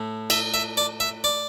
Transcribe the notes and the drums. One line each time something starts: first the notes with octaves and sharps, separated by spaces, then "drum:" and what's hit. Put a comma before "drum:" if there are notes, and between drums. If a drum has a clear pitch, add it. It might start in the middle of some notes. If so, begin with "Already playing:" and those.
Already playing: A2 A3
E5, drum: cymbal
E5
D5
E5
D5